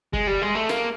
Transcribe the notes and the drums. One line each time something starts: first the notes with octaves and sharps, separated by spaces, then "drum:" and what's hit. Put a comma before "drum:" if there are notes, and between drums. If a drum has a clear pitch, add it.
G#3, drum: kick
G3
G#3
A3
A#3, drum: snare